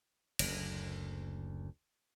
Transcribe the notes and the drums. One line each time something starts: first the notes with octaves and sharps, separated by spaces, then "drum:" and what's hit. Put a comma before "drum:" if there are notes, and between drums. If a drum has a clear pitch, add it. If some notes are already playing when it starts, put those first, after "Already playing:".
F#1 D2, drum: cymbal